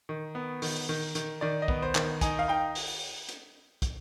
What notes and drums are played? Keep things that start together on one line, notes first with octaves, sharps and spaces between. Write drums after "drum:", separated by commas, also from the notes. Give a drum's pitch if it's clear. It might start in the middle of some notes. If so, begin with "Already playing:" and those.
D#3
B3
D#3, drum: open hi-hat
D#3
D#3, drum: hi-hat
D#3 D5
D#5
B3, drum: kick
C5
D#3, drum: clap
D#4 G#5, drum: kick, hi-hat
F5
D#4 G5
drum: open hi-hat
drum: hi-hat
drum: kick, hi-hat